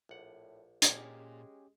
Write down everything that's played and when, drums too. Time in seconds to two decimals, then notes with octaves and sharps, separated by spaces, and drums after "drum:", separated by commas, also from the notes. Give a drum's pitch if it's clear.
0.09 A#1 A2 F#5
0.82 A#2 G#3 C#4 G4, drum: hi-hat